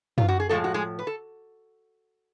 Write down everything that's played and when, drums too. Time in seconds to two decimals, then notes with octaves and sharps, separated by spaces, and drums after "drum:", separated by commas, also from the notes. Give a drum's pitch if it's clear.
0.18 F4, drum: tom F#2
0.28 F#4
0.40 G#4
0.49 A2 F3 G#3 A3 A4
0.64 F#4
0.74 G#3 G#4
0.99 B4
1.07 A4